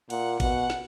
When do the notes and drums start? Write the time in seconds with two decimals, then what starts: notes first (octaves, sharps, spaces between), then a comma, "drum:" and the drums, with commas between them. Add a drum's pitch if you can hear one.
0.10 A#2 F#5, drum: cymbal
0.40 B2 F#5, drum: kick, cymbal
0.70 drum: snare